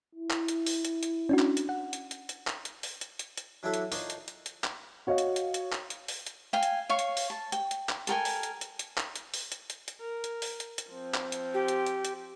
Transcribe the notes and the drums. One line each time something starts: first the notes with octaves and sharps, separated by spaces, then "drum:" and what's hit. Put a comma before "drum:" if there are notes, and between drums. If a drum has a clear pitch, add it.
E4
drum: clap
drum: hi-hat
drum: open hi-hat
drum: hi-hat
drum: hi-hat
C#4 D4 F#4
drum: clap
drum: hi-hat
F#5
drum: hi-hat
drum: hi-hat
drum: hi-hat
drum: clap
drum: hi-hat
drum: open hi-hat
drum: hi-hat
drum: hi-hat
drum: hi-hat
F#3 D4 E4 F#4 A4 F#5
drum: hi-hat
D4 D#4 F4 A#4 C#5, drum: open hi-hat
drum: hi-hat
drum: hi-hat
drum: hi-hat
drum: clap
F#4 C#5 D#5 F5
drum: hi-hat
drum: hi-hat
drum: hi-hat
drum: clap
drum: hi-hat
drum: open hi-hat
drum: hi-hat
F5 G5 G#5
drum: hi-hat
C#5 F5 C#6
drum: hi-hat
drum: open hi-hat
A5
G5, drum: hi-hat
drum: hi-hat
drum: clap
A4 A#4 G5 G#5, drum: hi-hat
drum: open hi-hat
drum: hi-hat
drum: hi-hat
drum: hi-hat
drum: clap
drum: hi-hat
drum: open hi-hat
drum: hi-hat
drum: hi-hat
drum: hi-hat
A#4
drum: hi-hat
drum: open hi-hat
drum: hi-hat
drum: hi-hat
F3 C4
drum: clap
drum: hi-hat
G4
drum: hi-hat
drum: hi-hat
drum: hi-hat